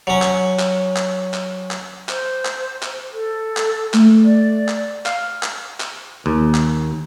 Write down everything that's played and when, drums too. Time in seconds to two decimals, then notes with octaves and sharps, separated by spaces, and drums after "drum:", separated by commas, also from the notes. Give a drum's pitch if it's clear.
0.07 F#3 C#4
0.22 drum: clap
0.59 drum: clap
0.96 drum: clap
1.34 drum: clap
1.71 drum: clap
2.09 C5, drum: clap
2.45 drum: clap
2.82 drum: clap
3.13 A4
3.57 drum: clap
3.94 A3, drum: clap
4.24 D5
4.68 drum: clap
5.06 F5, drum: clap
5.43 drum: clap
5.80 drum: clap
6.26 D#2
6.54 drum: clap